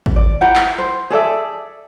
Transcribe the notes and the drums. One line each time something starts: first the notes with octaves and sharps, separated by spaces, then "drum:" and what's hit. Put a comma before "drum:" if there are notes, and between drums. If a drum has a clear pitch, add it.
drum: kick
D5
E4 F#5 G5 A#5
drum: clap
C5
G#4 A4 D5 E5